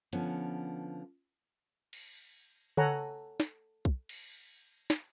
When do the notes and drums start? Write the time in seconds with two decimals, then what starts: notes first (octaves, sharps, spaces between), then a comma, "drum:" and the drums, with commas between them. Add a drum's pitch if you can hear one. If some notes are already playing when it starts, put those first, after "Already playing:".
0.13 D3 F3 B3 C#4, drum: hi-hat
1.93 drum: cymbal
2.77 A4 C#5 F#5 G#5 A#5, drum: tom C#3
3.40 drum: snare
3.85 drum: kick
4.09 drum: cymbal
4.90 drum: snare